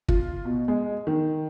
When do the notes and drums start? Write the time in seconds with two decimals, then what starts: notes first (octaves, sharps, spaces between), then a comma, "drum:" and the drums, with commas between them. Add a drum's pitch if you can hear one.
0.08 F4, drum: kick
0.45 B2
0.68 G#3
1.07 D#3